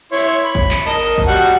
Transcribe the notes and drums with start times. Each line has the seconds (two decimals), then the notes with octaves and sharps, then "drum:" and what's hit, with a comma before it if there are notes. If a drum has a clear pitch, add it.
0.12 E4 C#5 C6
0.44 B5
0.55 drum: kick G#1
0.71 drum: clap
0.86 A#4 D#5 A5
1.18 drum: kick G#1
1.27 G3 F#4 F#5